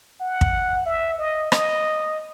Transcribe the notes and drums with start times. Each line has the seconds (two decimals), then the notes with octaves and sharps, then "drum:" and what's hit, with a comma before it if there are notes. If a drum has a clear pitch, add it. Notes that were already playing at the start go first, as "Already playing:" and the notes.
0.21 F#5
0.41 drum: kick
0.86 E5
1.18 D#5
1.52 D#5, drum: rim click